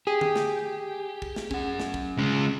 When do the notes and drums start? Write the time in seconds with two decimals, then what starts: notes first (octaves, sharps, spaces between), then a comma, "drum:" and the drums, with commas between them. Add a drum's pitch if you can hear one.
0.07 G4 G#4
0.21 drum: tom D3
0.36 drum: snare
1.22 drum: kick
1.36 drum: snare
1.51 C#4 F#5, drum: kick
1.80 drum: snare
1.94 drum: kick
2.18 C#3 G#3